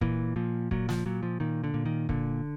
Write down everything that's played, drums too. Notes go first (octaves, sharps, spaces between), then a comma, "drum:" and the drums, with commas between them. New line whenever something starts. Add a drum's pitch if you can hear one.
A#2 E3, drum: kick
A#2 F3
A#2 F#3, drum: kick
F3, drum: snare
A#2 F#3
F3
A#2 D#3
D3
A#2
D#3
A#2 D3, drum: kick